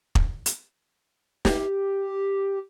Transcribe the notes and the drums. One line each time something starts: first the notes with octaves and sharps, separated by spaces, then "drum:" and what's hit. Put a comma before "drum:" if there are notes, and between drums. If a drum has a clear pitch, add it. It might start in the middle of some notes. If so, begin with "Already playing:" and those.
drum: kick
drum: hi-hat
G4, drum: snare